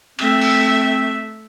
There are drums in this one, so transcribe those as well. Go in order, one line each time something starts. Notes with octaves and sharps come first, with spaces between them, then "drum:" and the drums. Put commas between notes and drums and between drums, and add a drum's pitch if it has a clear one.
A3 C4 E5, drum: cymbal
drum: open hi-hat